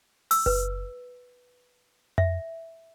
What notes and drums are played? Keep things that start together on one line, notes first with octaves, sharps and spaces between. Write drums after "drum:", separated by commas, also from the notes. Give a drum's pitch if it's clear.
E6, drum: open hi-hat
B4, drum: kick F#1
E5, drum: tom F2